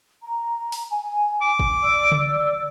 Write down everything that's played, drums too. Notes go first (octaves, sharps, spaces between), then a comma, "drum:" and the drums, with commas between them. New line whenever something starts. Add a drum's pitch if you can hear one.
A#5
drum: open hi-hat
G#5
D6
drum: kick
D5 E6
drum: tom C#3